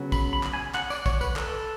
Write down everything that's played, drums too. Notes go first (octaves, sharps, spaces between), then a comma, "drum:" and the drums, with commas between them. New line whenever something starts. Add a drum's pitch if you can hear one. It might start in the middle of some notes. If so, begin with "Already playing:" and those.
Already playing: C#3 F#3 B3
B5, drum: kick, tambourine
B5
drum: clap
G#5
F#5, drum: clap
D5, drum: tambourine
C#5, drum: kick, tambourine
B4, drum: tambourine
A4, drum: clap